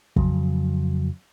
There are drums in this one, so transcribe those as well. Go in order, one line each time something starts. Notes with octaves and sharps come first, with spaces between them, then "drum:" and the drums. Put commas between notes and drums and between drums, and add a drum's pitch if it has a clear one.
F2 C#3 F#3, drum: kick